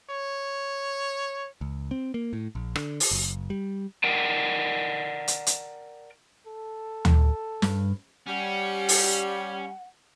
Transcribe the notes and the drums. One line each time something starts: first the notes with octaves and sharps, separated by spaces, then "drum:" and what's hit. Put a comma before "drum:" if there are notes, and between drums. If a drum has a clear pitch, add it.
C#5
C#2
C4
A#3
A2
A#1
D3, drum: rim click
drum: open hi-hat
F#1
G3
A#4 D5 F#5 G5 A5
drum: hi-hat
drum: hi-hat
A4
drum: tom D2
G2, drum: snare
G3 C#4 F#5
drum: open hi-hat